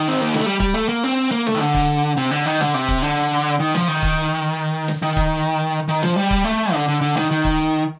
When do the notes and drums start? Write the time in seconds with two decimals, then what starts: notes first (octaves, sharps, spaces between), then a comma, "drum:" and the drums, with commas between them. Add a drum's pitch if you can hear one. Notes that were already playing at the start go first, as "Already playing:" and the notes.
Already playing: D#3
0.08 C4
0.21 A#3
0.34 A3, drum: snare
0.46 G3
0.60 G3, drum: kick C#1
0.74 A3
0.89 A#3
1.04 C4
1.32 A#3
1.46 A3, drum: snare
1.55 D#3
1.60 D3
1.74 drum: kick C#1
2.17 C3
2.31 D3
2.46 D#3
2.61 D3, drum: snare
2.74 C3
2.88 drum: kick C#1
3.02 D3
3.60 D#3
3.75 F3, drum: snare
3.88 D#3
4.03 drum: kick C#1
4.88 drum: snare
5.02 D#3
5.17 drum: kick C#1
5.88 D#3
6.03 F3, drum: snare
6.16 G3
6.31 drum: kick C#1
6.45 A3
6.73 D3
6.88 D3
7.01 D3
7.17 D#3, drum: snare
7.31 D#3
7.45 drum: kick C#1